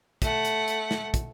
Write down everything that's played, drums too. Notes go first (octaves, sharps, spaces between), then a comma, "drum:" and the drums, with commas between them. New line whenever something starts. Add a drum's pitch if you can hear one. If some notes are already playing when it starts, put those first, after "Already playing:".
A3 F#5, drum: kick, hi-hat
drum: hi-hat
drum: hi-hat
drum: snare
drum: kick, hi-hat